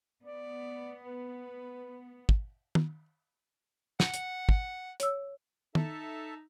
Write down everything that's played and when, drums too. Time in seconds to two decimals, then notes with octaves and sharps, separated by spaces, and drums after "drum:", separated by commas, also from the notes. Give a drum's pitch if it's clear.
0.24 B3 D5
1.04 B4
2.29 drum: kick
2.75 drum: tom
4.00 F#5, drum: snare
4.14 drum: hi-hat
4.49 drum: kick
5.00 C#5 E6, drum: hi-hat
5.75 D#4 A4 E5 A5, drum: tom